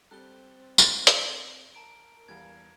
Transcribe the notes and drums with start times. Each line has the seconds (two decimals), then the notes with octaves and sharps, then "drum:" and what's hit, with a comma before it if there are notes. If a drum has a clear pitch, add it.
0.11 G3 C4 G4 A4 F#6 G7
0.78 drum: tambourine
1.07 drum: hi-hat
1.75 A#4 A5 A#5 D7
2.28 E2 G3 F5 G#6